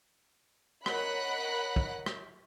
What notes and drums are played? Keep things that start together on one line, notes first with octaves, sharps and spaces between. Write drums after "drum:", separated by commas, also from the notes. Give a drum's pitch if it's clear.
A#4 C#5 D#5 F#5 B5 F#6, drum: rim click
drum: kick
drum: rim click